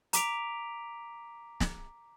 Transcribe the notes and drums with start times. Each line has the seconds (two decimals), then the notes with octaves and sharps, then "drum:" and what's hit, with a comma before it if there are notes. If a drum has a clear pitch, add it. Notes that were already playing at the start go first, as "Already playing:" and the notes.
0.13 A#5 D6 B6 D7 F7, drum: hi-hat
1.60 drum: snare